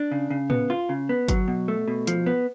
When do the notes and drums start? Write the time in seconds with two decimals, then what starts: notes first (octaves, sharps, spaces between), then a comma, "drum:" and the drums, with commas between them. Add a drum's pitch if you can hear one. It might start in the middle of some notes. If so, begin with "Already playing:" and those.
Already playing: D4
0.11 C#3
0.30 C#3
0.50 B3, drum: tom A2
0.70 F4
0.89 C#3
1.09 B3
1.28 F#3, drum: kick G1, hi-hat
1.48 B2
1.68 A3
1.88 B2
2.07 F3, drum: hi-hat
2.26 B3